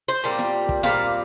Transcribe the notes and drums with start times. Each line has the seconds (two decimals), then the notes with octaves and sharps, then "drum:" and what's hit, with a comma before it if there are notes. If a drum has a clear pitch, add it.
0.08 C5
0.24 A#2 G3 C4
0.39 drum: snare
0.69 drum: kick
0.83 A#2 G3 C4 F5, drum: snare